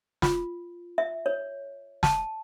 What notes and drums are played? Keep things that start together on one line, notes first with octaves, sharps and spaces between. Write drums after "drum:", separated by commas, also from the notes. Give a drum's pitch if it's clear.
F4, drum: snare
E5
C#5
A5, drum: snare